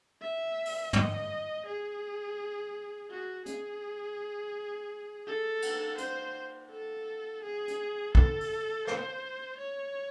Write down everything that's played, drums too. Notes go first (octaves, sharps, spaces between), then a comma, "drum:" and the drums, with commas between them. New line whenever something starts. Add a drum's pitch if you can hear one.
E5
drum: open hi-hat
D#5, drum: tom
G#4
F#4
G#4, drum: hi-hat
A4
drum: cymbal
C5, drum: hi-hat
A4
G#4
drum: hi-hat
A4, drum: kick
drum: open hi-hat
C5, drum: rim click
C#5